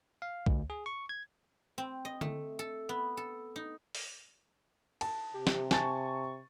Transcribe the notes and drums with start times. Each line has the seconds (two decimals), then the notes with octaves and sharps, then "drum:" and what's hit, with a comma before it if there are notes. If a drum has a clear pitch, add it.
0.22 F5
0.46 D2, drum: kick
0.70 G#4
0.86 C#6
1.09 G#6
1.78 C4
2.05 D#5
2.21 A3, drum: tom D3
2.59 A4
2.89 B3
3.17 A4
3.56 D#4
3.95 drum: open hi-hat
5.01 A5, drum: cymbal
5.34 C3 G4
5.47 drum: snare
5.71 G#5 A5 C#6 A6, drum: snare